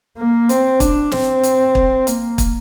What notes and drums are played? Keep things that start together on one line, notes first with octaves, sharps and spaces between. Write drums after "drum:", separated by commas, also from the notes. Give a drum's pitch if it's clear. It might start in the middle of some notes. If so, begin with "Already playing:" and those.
A#3
C4, drum: hi-hat
D4, drum: kick, hi-hat
C4, drum: snare
drum: hi-hat
drum: kick
A#3, drum: hi-hat
drum: kick, hi-hat